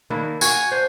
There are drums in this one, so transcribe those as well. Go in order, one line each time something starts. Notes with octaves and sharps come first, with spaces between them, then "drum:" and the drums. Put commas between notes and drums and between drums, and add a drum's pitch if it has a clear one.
D#3 A#3 D4 E4
F#4 F5 G#5, drum: tambourine
D4 C5